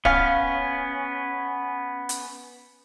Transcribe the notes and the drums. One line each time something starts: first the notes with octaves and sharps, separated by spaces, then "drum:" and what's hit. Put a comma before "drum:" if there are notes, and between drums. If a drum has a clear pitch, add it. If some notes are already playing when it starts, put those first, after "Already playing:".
B3 C#4 F5, drum: kick D1
drum: hi-hat